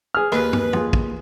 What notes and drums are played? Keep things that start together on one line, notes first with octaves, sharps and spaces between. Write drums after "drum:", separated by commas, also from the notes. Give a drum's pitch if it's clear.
G#4 F6
D#2 B4, drum: rim click
drum: tom
F4 G#4, drum: tom
drum: kick